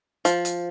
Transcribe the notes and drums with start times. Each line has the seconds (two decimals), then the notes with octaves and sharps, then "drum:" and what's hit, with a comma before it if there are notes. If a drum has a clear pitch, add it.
0.25 F3, drum: hi-hat
0.45 drum: hi-hat